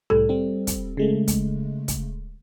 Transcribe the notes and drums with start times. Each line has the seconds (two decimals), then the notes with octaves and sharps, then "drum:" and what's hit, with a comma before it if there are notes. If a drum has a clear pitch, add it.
0.10 C2 A2 G3 A4
0.29 G3 C4
0.67 drum: kick, hi-hat
0.97 C#3 G#3 A3
1.28 drum: kick, hi-hat
1.88 drum: kick, hi-hat